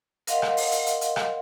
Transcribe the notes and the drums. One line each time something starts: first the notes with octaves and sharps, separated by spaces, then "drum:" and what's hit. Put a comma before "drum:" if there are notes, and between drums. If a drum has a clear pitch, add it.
A#4 D#5 F5 F#5 C6, drum: hi-hat
drum: rim click
drum: open hi-hat
drum: hi-hat
drum: hi-hat
drum: hi-hat
drum: rim click